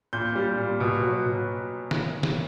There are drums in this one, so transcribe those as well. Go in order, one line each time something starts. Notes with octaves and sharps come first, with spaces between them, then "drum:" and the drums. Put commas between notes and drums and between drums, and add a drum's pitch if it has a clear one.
A#2 G6
G3
A#2
B2
F#3
B2
drum: snare
drum: snare